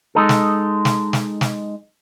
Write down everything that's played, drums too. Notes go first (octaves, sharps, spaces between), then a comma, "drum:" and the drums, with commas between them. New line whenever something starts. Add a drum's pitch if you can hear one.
G#3 D#4 A4
drum: snare
drum: snare
drum: snare
drum: snare